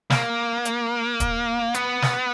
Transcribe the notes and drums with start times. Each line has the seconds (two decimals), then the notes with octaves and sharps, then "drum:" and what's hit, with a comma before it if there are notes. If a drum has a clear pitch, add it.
0.10 A#3, drum: snare
0.65 drum: hi-hat
1.20 drum: kick, hi-hat
1.74 B3, drum: hi-hat
2.02 drum: snare